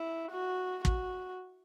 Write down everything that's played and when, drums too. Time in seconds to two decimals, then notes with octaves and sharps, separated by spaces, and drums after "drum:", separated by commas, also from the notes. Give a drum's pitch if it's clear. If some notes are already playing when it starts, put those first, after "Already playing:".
Already playing: E4
0.31 F#4
0.85 F#4, drum: kick